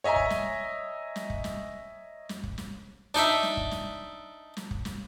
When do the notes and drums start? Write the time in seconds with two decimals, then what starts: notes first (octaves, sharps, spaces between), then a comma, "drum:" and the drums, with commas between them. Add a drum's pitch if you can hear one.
0.04 C#5 D#5 E5 G#5 A#5
0.16 drum: kick
0.30 drum: snare
1.16 drum: snare
1.30 drum: kick
1.44 drum: snare
2.29 drum: snare
2.43 drum: kick
2.58 drum: snare
3.14 D4 D#4 D5 E5
3.43 drum: snare
3.57 drum: kick
3.71 drum: snare
4.57 drum: snare
4.71 drum: kick
4.85 drum: snare